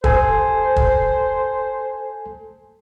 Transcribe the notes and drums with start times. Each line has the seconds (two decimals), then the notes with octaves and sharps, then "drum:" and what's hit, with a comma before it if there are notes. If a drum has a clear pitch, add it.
0.04 A4 C5 G#5, drum: kick
0.76 drum: kick